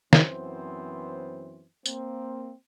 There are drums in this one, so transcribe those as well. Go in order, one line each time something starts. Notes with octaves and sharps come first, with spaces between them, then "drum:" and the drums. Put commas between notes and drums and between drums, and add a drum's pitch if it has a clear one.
F#2 E3 B3 C4 C5, drum: snare
A#3 C4, drum: tambourine